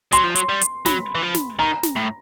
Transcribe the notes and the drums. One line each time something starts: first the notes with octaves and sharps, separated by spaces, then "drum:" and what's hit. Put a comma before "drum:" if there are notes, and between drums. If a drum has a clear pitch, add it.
F#3 C6, drum: hi-hat
F3
F#3, drum: hi-hat
G3
drum: hi-hat
F#3 B5, drum: snare
E3
F3
drum: snare
D#3 A#5
drum: snare
A2